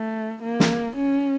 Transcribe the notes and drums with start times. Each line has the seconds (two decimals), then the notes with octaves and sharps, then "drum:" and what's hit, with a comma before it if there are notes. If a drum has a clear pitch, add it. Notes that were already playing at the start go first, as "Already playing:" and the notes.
Already playing: A3
0.42 A#3
0.60 drum: snare
0.96 C#4